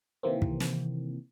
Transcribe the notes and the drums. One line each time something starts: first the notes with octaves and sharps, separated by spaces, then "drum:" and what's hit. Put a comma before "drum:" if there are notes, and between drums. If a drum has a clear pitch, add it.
C3 D#3 E3 A#3 C4
drum: kick
drum: snare